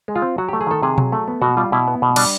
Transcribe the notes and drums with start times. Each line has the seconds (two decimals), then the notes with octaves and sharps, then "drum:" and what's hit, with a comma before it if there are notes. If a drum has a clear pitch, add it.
0.08 G#3
0.16 F4
0.22 C4
0.38 F#3 F#4
0.49 A3 G4
0.61 G#4
0.67 D#3 A4
0.82 C3 G#4
0.98 F#3, drum: tom B2
1.12 A3
1.28 B3
1.42 B2 F#4
1.57 G3 F4
1.72 B2 E4
1.88 B3
2.02 B2
2.16 G3 D4, drum: cymbal